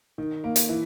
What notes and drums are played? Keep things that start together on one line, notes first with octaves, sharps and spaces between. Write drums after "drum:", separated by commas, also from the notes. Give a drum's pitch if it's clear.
D#3
A#3
drum: hi-hat
E3